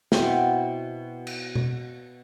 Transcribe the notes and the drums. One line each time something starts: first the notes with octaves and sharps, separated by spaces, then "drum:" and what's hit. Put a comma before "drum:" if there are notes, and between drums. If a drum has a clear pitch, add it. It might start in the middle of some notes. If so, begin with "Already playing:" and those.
B2 C4 E4 G5, drum: snare
drum: cymbal
drum: tom B2